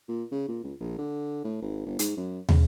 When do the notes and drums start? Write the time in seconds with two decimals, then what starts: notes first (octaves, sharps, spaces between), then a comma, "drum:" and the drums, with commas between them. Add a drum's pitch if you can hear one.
0.08 A#2
0.32 C#3
0.48 A#2
0.64 C#2
0.80 A#1
0.98 D3
1.44 A2
1.62 G#1
1.86 G1
1.99 G#2, drum: hi-hat
2.17 F#2
2.49 C#3, drum: tom